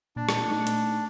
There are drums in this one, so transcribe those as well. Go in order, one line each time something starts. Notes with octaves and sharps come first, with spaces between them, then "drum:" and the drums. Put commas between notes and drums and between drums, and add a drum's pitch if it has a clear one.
A#2 D4 A5
drum: rim click
A3 D#4
drum: hi-hat